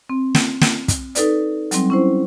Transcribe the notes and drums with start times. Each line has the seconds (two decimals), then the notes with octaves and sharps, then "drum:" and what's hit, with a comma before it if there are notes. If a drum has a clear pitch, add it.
0.09 C4
0.35 drum: snare
0.61 drum: snare
0.88 drum: kick, hi-hat
1.15 D#4 A4 B4 D5, drum: hi-hat
1.71 F#3 G3 C4, drum: hi-hat
1.90 C#4 E4 C5